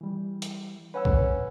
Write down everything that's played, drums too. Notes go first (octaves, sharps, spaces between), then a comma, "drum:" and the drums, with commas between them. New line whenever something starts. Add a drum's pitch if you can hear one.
E3 G3
drum: hi-hat
C#4 B4 F#5 E6
drum: kick B1